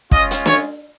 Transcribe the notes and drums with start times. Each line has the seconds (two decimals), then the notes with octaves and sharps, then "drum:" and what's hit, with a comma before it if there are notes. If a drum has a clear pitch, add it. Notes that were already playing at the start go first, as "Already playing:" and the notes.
0.11 G#3 C#4 F4 D#5, drum: kick
0.31 drum: hi-hat
0.46 C#5, drum: snare